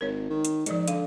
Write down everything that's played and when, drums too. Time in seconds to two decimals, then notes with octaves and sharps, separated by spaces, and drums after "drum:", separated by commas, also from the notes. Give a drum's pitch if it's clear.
0.01 G#1 A#4 C#5
0.30 D#3
0.45 drum: hi-hat
0.66 G#2 F3 D5 D#5, drum: hi-hat
0.88 D3 F5, drum: hi-hat